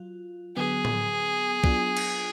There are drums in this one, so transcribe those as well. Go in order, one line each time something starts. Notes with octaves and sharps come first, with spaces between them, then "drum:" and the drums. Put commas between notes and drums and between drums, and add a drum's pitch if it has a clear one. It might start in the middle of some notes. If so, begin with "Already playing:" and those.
Already playing: F#3 F4
D3 F#3 B3 G#4
drum: tom A2
F#3 B3 D4 F4, drum: kick
drum: cymbal